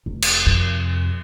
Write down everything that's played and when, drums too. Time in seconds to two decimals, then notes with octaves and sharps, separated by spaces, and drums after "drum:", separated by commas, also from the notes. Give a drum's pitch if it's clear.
0.06 F1
0.22 drum: cymbal
0.46 F2 C3